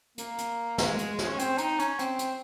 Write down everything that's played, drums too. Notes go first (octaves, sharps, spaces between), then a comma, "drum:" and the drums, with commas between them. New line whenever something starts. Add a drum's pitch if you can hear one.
A#3, drum: hi-hat
drum: hi-hat
G#3, drum: snare
drum: hi-hat
drum: snare
C#4
C4, drum: hi-hat
D#4, drum: hi-hat
C#4, drum: hi-hat
C4, drum: hi-hat
drum: hi-hat